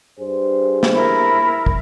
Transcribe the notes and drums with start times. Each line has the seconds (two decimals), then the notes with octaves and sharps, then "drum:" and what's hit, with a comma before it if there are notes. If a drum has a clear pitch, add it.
0.20 G2 G#4 C5
0.83 drum: snare
0.94 E4 A#4
1.66 drum: kick